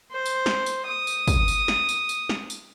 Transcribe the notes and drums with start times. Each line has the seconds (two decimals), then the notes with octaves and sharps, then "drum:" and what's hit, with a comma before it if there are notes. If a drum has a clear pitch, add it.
0.11 C5
0.26 drum: tambourine
0.46 drum: snare
0.66 drum: tambourine
0.87 D#6
1.07 drum: tambourine
1.27 drum: kick, tambourine
1.48 drum: tambourine
1.68 drum: snare
1.89 drum: tambourine
2.09 drum: tambourine
2.29 drum: snare
2.50 drum: tambourine